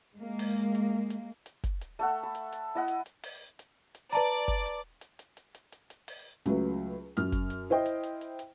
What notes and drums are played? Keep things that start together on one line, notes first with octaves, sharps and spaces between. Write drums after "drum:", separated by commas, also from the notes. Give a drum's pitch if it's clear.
G#3 A#3
drum: open hi-hat
drum: hi-hat
drum: hi-hat
drum: hi-hat
drum: kick, hi-hat
drum: hi-hat
A3 A4 F#5
B5
drum: hi-hat
drum: hi-hat
E4 D#5 F#5
drum: hi-hat
drum: hi-hat
drum: open hi-hat
drum: hi-hat
drum: hi-hat
B4 D5 A5 A#5 D6
drum: kick, hi-hat
drum: hi-hat
drum: hi-hat
drum: hi-hat
drum: hi-hat
drum: hi-hat
drum: hi-hat
drum: hi-hat
drum: open hi-hat
C#2 F#3 A3 B4, drum: hi-hat
F#2 F6, drum: hi-hat
drum: kick, hi-hat
drum: hi-hat
E4 C5 D#5 G5
drum: hi-hat
drum: hi-hat
drum: hi-hat
drum: hi-hat